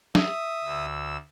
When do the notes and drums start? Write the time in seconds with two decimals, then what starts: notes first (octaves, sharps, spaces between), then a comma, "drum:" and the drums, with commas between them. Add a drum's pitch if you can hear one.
0.15 E5 D#6, drum: snare
0.64 D2 E6